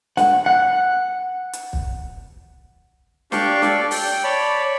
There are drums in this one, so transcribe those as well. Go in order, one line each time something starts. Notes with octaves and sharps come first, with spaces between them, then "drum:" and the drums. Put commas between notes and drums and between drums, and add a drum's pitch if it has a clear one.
F#5, drum: snare
F#5
drum: hi-hat
drum: kick
D4 G4 D5 F5 C#6 G6, drum: snare
A4 D5, drum: snare
G5, drum: open hi-hat
C#5 D5 A5 B5